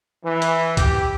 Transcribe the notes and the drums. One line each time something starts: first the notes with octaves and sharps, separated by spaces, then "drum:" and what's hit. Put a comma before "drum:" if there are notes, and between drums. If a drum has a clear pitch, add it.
E3
drum: hi-hat
G4, drum: kick B1, hi-hat